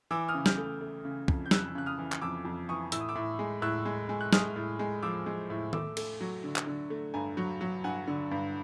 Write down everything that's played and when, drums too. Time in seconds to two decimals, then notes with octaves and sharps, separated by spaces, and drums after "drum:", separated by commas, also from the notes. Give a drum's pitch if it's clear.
0.11 E3 D6 E6
0.29 D#6 F6
0.34 C#3
0.46 F6 G6, drum: snare
0.58 A3
0.81 A3
1.05 C#3
1.28 F2, drum: kick
1.46 G6
1.51 F2 E6 F#6, drum: snare
1.75 C#3 F#6
1.86 D#6 F6
1.98 E3
2.12 drum: clap
2.22 F2 D6 E6
2.45 F2
2.69 E3 C#6 D#6
2.92 A2 E6, drum: hi-hat
3.01 D#6
3.09 D6 E6
3.16 A2
3.39 G#3
3.62 A2 E6 F#6
3.85 G#3
4.09 G#3
4.21 F#6
4.33 G#3 D#6 F6, drum: snare
4.56 A2
4.79 G#3
5.03 F3 D6 E6
5.26 G#3
5.50 A2
5.73 A3 D6 E6, drum: tom D#3
5.97 A3, drum: cymbal
6.21 F#3
6.44 D3
6.56 drum: clap
6.67 D3
6.90 A3
7.14 G2 G#5 A#5
7.37 F#3
7.61 F#3
7.84 G2 F#5 G#5
8.07 D3
8.31 G2